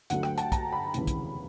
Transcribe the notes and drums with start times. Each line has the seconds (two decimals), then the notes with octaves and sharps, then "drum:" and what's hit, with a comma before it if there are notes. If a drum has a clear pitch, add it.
0.10 D2 D3 F#3 A3 F#5, drum: hi-hat
0.23 G5, drum: rim click
0.38 A5, drum: hi-hat
0.52 A#5, drum: kick, hi-hat
0.72 B5
0.94 F1 D#2 C#3 E3 G#3, drum: hi-hat
1.07 drum: kick, hi-hat